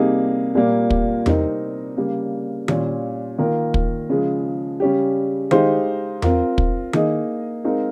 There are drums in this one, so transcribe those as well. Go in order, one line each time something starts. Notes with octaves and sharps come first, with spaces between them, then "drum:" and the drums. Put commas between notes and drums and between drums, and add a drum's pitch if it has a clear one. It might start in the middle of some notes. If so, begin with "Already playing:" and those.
Already playing: C3 G3 A#3 D#4 G#4
A#2 G3 A#3
drum: kick
C3 G3 C4 D#4 A#4, drum: tom E2
C#3 G3 A#3
A#2 G3 C#4 F4, drum: tom D#3
D#3 A#3 F4 A#4
drum: kick
C#3 F3 G#3
C#3 G3 C#4 G4
G#3 D#4 G4 C5 F5, drum: tom D#3
C4 F4 A#4, drum: tom E2
drum: kick
A#3 D#4 G#4 D#5, drum: tom D#3
G#3 C4 D#4 A#4 F5